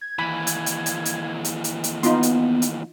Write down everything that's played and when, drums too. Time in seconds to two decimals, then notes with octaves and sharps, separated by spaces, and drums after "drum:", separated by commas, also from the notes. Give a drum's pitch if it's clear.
0.01 G#6
0.19 D#2 E3 B5
0.47 drum: hi-hat
0.66 drum: hi-hat
0.86 drum: hi-hat
1.05 drum: hi-hat
1.44 drum: hi-hat
1.64 drum: hi-hat
1.84 drum: hi-hat
2.03 B3 D#4 F4 C6, drum: hi-hat
2.23 drum: hi-hat
2.62 drum: hi-hat